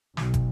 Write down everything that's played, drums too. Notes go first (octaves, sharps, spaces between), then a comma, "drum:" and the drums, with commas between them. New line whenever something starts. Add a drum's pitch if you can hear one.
B1, drum: snare
drum: kick, hi-hat